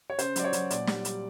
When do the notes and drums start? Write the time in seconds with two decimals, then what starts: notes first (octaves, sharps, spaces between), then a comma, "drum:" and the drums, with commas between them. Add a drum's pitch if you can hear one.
0.10 C#5
0.19 C#3 C5, drum: hi-hat
0.36 F#3 D5, drum: hi-hat
0.44 C#5
0.53 F#3, drum: hi-hat
0.70 A#2 D5, drum: hi-hat
0.87 G3, drum: snare
1.05 G3, drum: hi-hat